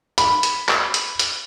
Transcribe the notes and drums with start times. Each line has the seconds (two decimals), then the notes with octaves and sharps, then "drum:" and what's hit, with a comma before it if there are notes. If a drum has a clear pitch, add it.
0.18 B5, drum: hi-hat
0.43 drum: hi-hat
0.69 drum: clap
0.94 drum: hi-hat
1.19 drum: hi-hat